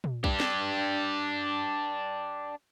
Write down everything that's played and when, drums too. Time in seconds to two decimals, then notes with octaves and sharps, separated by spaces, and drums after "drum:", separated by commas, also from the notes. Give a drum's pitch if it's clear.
0.04 drum: tom A#2
0.24 D4 G4, drum: kick B1
0.40 drum: snare